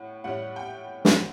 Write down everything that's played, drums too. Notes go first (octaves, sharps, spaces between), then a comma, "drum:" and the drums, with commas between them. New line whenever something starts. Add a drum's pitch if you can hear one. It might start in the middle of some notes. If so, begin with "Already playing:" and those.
Already playing: A2 C#4 F#5
A2 G3 C#4 F#5
G5
drum: snare